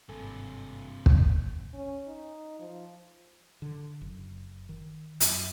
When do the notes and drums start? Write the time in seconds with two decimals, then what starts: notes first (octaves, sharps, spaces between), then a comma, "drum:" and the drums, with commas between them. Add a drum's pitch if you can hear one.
0.09 G#1 G2 C3 A4 G#5
1.06 drum: kick
1.74 C#4
2.07 D#4
2.60 F3
3.62 D3
4.01 F#1
4.69 D#3
5.20 F#2, drum: hi-hat